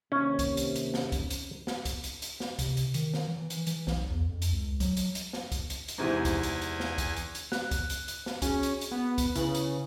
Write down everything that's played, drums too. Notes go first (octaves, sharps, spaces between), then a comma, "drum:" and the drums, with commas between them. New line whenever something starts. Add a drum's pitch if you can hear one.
D#2 C3 C#4
drum: kick C2, hi-hat
drum: hi-hat
drum: hi-hat
drum: snare
drum: kick C2, hi-hat
drum: hi-hat
drum: snare
drum: kick C2, hi-hat
drum: hi-hat
drum: hi-hat
drum: snare
C3, drum: kick C2, hi-hat
drum: hi-hat
D#3, drum: hi-hat
drum: snare
E3
drum: hi-hat
E3, drum: hi-hat
B1, drum: snare
E2
F2
drum: hi-hat
C#2
F#3, drum: kick C2, hi-hat
drum: hi-hat
drum: hi-hat
drum: snare
drum: kick C2, hi-hat
drum: hi-hat
drum: hi-hat
E2 G#2 C3 E3 G#5
drum: kick C2, hi-hat
drum: hi-hat
drum: hi-hat
drum: snare
drum: kick C2, hi-hat
drum: hi-hat
drum: hi-hat
F#6, drum: snare
drum: kick C2, hi-hat
drum: hi-hat
drum: hi-hat
drum: snare
C#4 F#4 G#4, drum: kick C2, hi-hat
drum: hi-hat
drum: hi-hat
B3
drum: kick C2, hi-hat
C#3 E4 B4 F#7, drum: hi-hat
drum: hi-hat